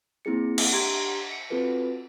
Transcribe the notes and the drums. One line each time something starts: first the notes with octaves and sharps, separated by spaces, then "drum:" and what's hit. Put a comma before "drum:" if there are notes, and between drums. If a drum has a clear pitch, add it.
A#3 C4 E4 G#4 C#7
drum: cymbal
D4 G4 A#5 C6 G#6
C#7
C4 F4 F#4 A4 B4